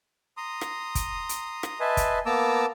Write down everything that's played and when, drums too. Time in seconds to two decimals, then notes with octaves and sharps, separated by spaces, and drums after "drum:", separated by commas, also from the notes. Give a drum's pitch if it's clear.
0.37 A#5 C6 D#6
0.61 drum: rim click
0.95 drum: kick, hi-hat
1.29 drum: hi-hat
1.63 drum: rim click
1.80 B4 D#5 E5 G#5 A5 C6
1.97 drum: kick, hi-hat
2.26 A#3 B3 A5 A#5 D6 E6